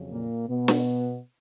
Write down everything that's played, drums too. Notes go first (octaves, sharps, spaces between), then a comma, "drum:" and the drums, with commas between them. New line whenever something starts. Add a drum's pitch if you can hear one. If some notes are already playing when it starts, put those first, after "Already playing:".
Already playing: F2 C#3 F#3
A#2 A#3
B2 B3
drum: snare